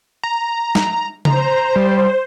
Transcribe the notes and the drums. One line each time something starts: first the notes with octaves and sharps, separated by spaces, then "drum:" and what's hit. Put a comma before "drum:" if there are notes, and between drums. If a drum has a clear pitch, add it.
A#5
drum: snare
C5 A#5, drum: tom C#3
G3